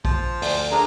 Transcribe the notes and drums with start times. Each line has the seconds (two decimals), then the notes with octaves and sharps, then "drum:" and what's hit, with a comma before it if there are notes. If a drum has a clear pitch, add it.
0.05 F3, drum: kick A#1
0.42 D2, drum: open hi-hat
0.72 D4 G#4 A#4 A#5